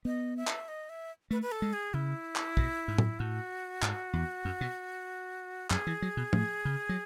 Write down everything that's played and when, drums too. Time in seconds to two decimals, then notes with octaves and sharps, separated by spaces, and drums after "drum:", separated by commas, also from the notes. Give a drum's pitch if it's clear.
0.05 B3 D#5
0.37 E5
0.47 drum: clap
0.68 D#5
0.89 E5
1.31 A3 B4
1.42 B4
1.52 A4
1.62 G#3
1.73 G#4
1.94 C#3 E4
2.36 drum: clap
2.57 B2, drum: kick
2.88 G#2
2.98 drum: tom
3.19 A2 F#4
3.82 G#2, drum: clap
4.13 E2
4.45 F#2
4.61 B2
5.70 F#2 G#4, drum: clap
5.87 E3
6.02 F#3
6.17 B2
6.33 A2, drum: tom
6.65 C#3
6.89 F#3